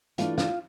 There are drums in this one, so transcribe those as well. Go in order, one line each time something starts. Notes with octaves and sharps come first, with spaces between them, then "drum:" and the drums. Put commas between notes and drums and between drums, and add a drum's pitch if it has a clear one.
E3 A3 D4 F4 F5, drum: hi-hat
F4 F5, drum: snare